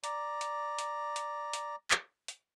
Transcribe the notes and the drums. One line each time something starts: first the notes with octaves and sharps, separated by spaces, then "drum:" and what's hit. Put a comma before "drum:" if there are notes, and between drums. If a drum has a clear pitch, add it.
D5 A#5, drum: hi-hat
drum: hi-hat
drum: hi-hat
drum: hi-hat
drum: hi-hat
drum: clap
drum: hi-hat